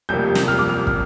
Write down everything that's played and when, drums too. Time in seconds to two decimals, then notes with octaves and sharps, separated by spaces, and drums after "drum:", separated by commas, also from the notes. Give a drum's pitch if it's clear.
0.09 F1 F2 C3 G3 A#3 G6
0.35 drum: snare
0.48 F6
0.59 D6
0.69 F6
0.87 F6, drum: kick